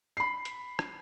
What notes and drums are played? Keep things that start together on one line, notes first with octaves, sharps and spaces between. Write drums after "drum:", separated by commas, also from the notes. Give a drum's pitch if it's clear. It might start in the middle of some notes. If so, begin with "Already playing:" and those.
B5 C7
drum: hi-hat
drum: rim click